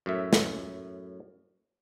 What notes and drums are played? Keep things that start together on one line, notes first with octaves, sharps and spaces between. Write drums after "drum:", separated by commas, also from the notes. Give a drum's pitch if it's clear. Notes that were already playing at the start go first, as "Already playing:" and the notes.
F#2 A2 E5
drum: snare